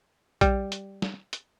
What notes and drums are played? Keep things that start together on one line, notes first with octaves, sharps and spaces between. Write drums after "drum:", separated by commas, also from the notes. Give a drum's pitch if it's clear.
G3, drum: kick A#1, hi-hat
drum: hi-hat
drum: snare
drum: hi-hat